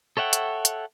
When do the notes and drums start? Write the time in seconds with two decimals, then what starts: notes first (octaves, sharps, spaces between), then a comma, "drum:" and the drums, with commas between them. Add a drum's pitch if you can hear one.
0.17 A4 C#5 E5 F#5 G5
0.33 drum: hi-hat
0.65 drum: hi-hat